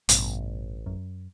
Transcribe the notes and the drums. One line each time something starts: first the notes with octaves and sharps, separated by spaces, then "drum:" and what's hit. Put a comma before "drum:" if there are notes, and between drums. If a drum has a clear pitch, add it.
A1 G2 B2, drum: hi-hat
F#2